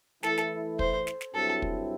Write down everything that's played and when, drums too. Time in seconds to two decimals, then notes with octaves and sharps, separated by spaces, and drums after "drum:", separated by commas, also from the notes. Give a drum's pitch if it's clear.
0.23 E3 A3 E4 A4, drum: snare
0.37 drum: snare
0.79 C5, drum: kick
1.07 drum: snare
1.21 drum: snare
1.34 G2 F#3 C4 E4 A4
1.62 drum: kick